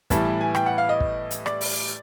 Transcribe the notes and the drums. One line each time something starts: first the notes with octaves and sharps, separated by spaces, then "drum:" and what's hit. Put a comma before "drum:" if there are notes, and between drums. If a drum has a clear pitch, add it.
A2 E3 G3 B3 A5, drum: kick, hi-hat
A5
G#5
G5, drum: rim click
F#5
F5
D#5
drum: kick
drum: hi-hat
D5, drum: rim click
drum: open hi-hat